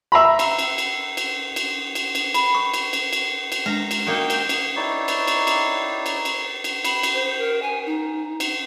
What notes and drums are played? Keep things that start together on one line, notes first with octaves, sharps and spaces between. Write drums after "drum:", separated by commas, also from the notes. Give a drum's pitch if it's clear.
E5 A#5 B5
drum: cymbal
drum: cymbal
drum: cymbal
drum: cymbal
drum: cymbal
drum: cymbal
drum: cymbal
B5, drum: cymbal
C#6
drum: cymbal
drum: cymbal
drum: cymbal
drum: cymbal
G#3 D4 A#5
drum: cymbal
A#3 D#4 F#4 G5
drum: cymbal
drum: cymbal
D#4 E4 C#5 D5
drum: cymbal
drum: cymbal
drum: cymbal
drum: cymbal
drum: cymbal
drum: cymbal
B5, drum: cymbal
drum: cymbal
C5
A#4
G#5
D#4
drum: cymbal